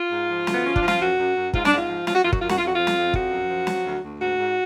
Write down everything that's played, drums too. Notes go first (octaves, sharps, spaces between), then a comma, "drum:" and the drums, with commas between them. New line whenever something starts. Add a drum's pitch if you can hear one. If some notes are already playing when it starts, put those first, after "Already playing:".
Already playing: F4
G#2
F3
D2 B3, drum: snare
F3 C#4
D4, drum: kick
F3
F4, drum: snare
F#2 F#4
F#2
F#2
G#2 F4, drum: kick
D4, drum: snare
G#2 F4
F3
F#3 F4, drum: snare
F#4
F#2 F4
F#4, drum: kick
F#2 F4
F#4, drum: snare
F2 F4
F#4
F3 F4
drum: snare
F2
F3 F#4, drum: kick
F#2
F3
F#3, drum: snare
D2
D2
G#2 F#4
G#2